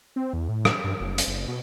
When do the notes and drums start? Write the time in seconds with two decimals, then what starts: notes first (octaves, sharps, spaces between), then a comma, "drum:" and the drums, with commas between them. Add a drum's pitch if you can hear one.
0.16 C4
0.33 E2
0.49 A2
0.65 drum: rim click
0.84 G2
1.00 F#1
1.18 drum: hi-hat
1.27 F#1
1.48 B2